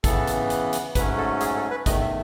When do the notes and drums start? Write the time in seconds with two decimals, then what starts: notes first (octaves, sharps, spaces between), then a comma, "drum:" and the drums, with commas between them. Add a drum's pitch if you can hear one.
0.04 C#3 E3 B3 A4, drum: kick, hi-hat
0.27 drum: hi-hat
0.50 drum: hi-hat
0.73 drum: hi-hat
0.95 G#2 F#3 A3 C#4 B4, drum: kick, hi-hat
1.17 A4
1.40 G#4, drum: hi-hat
1.56 A4
1.71 B4
1.86 E2 D#3 A3 D#5, drum: kick, hi-hat
2.01 E5